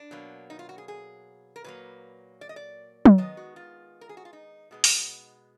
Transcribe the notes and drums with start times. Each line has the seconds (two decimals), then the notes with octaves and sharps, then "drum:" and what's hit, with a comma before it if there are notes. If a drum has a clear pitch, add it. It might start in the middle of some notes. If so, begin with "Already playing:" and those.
Already playing: D4
0.11 B2 F#3 A#3
0.50 D#4
0.59 F4
0.69 F#4
0.78 G#4
0.88 G#4
1.56 A#4
1.64 A#2 F#3 A#3 B4
2.41 D5
2.49 D#5
2.56 D5
3.05 drum: tom F#3
3.18 D#3 G#3 B3 D#5
3.37 F#4
3.56 F4
4.01 A#4
4.09 G#4
4.17 F#4
4.25 F4
4.33 D#4
4.71 B2 G#3 B3
4.84 drum: open hi-hat